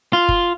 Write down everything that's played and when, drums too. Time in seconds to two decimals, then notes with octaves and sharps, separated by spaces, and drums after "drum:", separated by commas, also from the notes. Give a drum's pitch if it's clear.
0.13 F4
0.28 drum: kick F#1